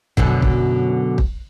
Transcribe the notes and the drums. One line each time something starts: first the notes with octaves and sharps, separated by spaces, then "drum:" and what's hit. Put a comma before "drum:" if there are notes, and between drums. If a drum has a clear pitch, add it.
F#2 B2 D3, drum: kick
drum: kick
drum: kick